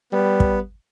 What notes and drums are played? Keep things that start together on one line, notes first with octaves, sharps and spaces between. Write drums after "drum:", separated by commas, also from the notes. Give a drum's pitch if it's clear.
G3 B3
drum: kick